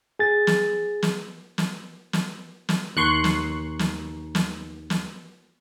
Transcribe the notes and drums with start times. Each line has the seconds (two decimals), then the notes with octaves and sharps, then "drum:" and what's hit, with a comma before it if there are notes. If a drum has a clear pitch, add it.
0.19 G#4 A6
0.47 drum: snare
1.02 drum: snare
1.58 drum: snare
2.13 drum: snare
2.69 drum: snare
2.97 D#2 C6 C#6 F#6
3.24 drum: snare
3.79 drum: snare
4.35 drum: snare
4.90 drum: snare